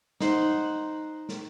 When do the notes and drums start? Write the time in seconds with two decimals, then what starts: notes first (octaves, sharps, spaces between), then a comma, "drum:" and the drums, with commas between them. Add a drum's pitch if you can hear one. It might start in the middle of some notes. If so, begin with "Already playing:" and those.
0.20 D#4 C5 F#5, drum: snare
1.29 drum: snare